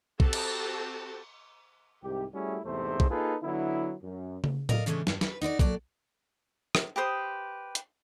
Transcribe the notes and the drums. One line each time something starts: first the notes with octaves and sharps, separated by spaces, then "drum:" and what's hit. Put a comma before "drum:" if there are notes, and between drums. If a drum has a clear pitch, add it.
C4 F#4 G4 A4 A5, drum: kick
drum: cymbal
C2 G#2 C3 G4
G3 A3 C#4 E4 F#4 G#4
E2 G#2 C3 A3 G#4 C5
drum: kick
A#3 D#4 F4 G#4 A4 B4
D3 F#3 B3 E4
F#2
drum: tom C#3
A#4 D5 D#5 F5, drum: tom A2
C#3 E3 G#3 A3 C#4 D4
G2, drum: snare
B4, drum: snare
D#4 F#4 B4 D5
A#2 F#3 A4 D5, drum: kick
drum: rim click
G4 B4 C5 D#6
drum: hi-hat